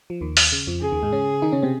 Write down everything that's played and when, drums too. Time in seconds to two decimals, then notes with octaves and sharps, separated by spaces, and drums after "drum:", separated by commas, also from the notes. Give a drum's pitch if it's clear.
0.10 F3
0.21 D#2 D#3
0.37 drum: open hi-hat
0.52 C#3
0.67 F2 F3
0.82 C#3 G#4
0.92 D#2 D#3
1.03 G#2 G#3
1.12 C#3 C#4
1.42 D#3 D#4
1.52 C#3 C#4
1.62 C3 C4